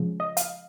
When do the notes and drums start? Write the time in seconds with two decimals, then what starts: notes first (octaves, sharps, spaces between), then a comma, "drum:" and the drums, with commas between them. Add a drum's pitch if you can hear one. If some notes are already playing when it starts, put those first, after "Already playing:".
Already playing: C#3 F3 G#3
0.20 D#5
0.37 F5, drum: hi-hat